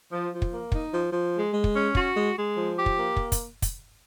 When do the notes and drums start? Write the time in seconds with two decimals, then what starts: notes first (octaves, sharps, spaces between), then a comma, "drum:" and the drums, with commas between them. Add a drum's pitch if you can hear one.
0.11 F3
0.32 F3
0.42 drum: kick
0.52 A#3
0.72 D#4, drum: kick
0.93 F3
1.12 F3
1.33 G#3
1.54 G#3
1.64 drum: kick
1.74 C#4
1.95 F#4, drum: kick
2.15 G#3
2.35 G#3
2.56 F3
2.76 G4
2.86 drum: kick
2.96 A#3
3.17 drum: kick
3.32 drum: kick, hi-hat
3.62 drum: kick, hi-hat